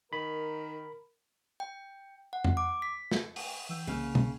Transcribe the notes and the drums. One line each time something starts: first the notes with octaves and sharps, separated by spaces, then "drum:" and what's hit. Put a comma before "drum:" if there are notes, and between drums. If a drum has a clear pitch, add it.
D#3 A#4 B5
G5
F#5
drum: tom F2
D6
B6
drum: snare
drum: open hi-hat
E3 E6 G6
C2 C#3 A#3 F6
drum: tom B2